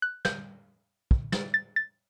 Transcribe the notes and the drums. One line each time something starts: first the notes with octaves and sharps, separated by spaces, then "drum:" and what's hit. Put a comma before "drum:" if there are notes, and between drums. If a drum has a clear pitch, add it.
F#6
G6, drum: snare
drum: kick
A6, drum: snare
A6
A6